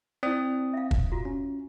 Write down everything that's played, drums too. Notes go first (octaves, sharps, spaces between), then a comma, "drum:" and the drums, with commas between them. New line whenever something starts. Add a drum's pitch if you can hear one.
C4 E4 D5 D#6
E5 F5
drum: kick
F4 F#4
C#4